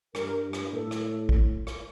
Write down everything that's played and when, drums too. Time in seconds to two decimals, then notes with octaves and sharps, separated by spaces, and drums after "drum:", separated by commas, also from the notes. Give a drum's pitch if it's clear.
0.15 G2 A#4, drum: rim click
0.44 G2
0.53 drum: rim click
0.67 A#4
0.72 A2 A4
0.91 drum: rim click
1.29 drum: kick
1.67 drum: rim click